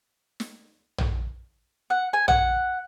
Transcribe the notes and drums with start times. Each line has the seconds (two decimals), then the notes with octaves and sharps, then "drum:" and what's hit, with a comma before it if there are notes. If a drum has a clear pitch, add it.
0.40 drum: snare
0.98 drum: tom A#1
1.90 F#5
2.13 G#5
2.28 F#5, drum: tom A#1